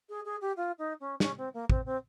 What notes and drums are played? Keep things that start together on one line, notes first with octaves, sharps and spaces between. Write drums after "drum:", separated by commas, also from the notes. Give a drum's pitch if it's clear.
G#4
G#4
G4
F4
D#4
C#4
C#4, drum: snare
C4
A#3
C4, drum: kick
C4